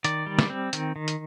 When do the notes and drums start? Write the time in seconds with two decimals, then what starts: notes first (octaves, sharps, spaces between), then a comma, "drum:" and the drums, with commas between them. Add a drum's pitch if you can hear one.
0.04 D#3 D5, drum: hi-hat
0.26 G3
0.39 drum: snare
0.50 C4
0.73 D#3, drum: hi-hat
0.96 D#3
1.08 drum: hi-hat